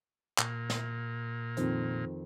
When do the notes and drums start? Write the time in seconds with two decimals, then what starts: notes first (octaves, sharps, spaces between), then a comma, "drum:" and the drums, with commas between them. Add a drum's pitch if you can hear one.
0.38 A#2, drum: clap
0.70 drum: snare
1.57 F2 D#3 C4, drum: hi-hat